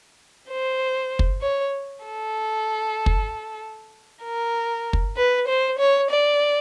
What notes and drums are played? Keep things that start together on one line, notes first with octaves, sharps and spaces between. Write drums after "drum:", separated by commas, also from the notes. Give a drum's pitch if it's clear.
C5
drum: kick
C#5
A4
drum: kick
A#4
drum: kick
B4
C5
C#5
D5